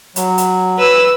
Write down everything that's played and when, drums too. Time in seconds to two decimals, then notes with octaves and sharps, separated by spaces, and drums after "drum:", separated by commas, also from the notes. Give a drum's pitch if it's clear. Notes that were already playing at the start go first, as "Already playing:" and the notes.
0.16 F#3, drum: hi-hat
0.38 drum: hi-hat
0.78 B4 E6